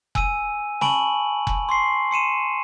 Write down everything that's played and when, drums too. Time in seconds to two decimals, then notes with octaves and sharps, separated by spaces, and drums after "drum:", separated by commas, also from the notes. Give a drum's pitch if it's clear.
0.15 G#5 E6 D#7, drum: kick F1
0.81 G#5 A5 B5 C#6 D7 F#7, drum: snare
1.47 drum: kick F1
1.69 C6 C#6 C7
2.11 C6 C#7 D#7 E7